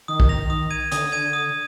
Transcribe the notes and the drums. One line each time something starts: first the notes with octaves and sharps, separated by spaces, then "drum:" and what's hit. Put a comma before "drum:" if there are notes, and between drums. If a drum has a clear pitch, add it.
D#3 D#6
drum: kick B1
A#6 F7
D#6
G#6 D#7
D3 D#6, drum: hi-hat
G#6 D#7
D#6